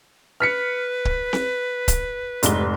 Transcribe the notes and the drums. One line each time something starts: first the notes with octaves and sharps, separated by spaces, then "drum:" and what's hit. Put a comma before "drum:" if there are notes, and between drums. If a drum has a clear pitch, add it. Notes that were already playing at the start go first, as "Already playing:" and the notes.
B4 F6 B6 C#7
drum: kick C#1
drum: snare C4
drum: kick C#1, hi-hat
F1 G#2 G7, drum: hi-hat